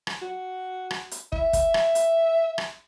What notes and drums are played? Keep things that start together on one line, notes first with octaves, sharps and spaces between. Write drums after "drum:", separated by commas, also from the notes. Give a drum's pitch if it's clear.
drum: rim click
F#4
drum: rim click
drum: hi-hat
E5, drum: kick
drum: kick, hi-hat
drum: rim click
drum: hi-hat
drum: rim click